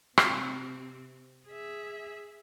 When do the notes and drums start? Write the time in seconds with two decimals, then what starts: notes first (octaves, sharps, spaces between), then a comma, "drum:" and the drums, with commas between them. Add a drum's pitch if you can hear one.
0.18 C3 C4, drum: rim click
1.48 G#4 E5